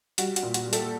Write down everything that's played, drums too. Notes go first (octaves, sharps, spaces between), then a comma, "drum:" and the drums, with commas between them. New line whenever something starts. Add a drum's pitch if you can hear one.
G3 F#4, drum: hi-hat
F#4, drum: hi-hat
A#2
F#4, drum: hi-hat
G3
G4 A4, drum: hi-hat